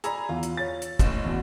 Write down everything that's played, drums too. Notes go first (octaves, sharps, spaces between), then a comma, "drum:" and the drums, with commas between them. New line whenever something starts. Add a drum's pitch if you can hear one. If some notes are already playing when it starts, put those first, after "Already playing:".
G#4 D5 A#5 B5 E6, drum: hi-hat
E2 F4
drum: hi-hat
C#5 A6
drum: hi-hat
F#1 A2, drum: kick, hi-hat
E2 F#4